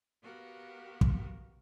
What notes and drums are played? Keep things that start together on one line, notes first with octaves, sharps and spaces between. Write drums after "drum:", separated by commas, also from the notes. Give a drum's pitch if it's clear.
B3 F#4 G4 A#4 F5 F#5
drum: kick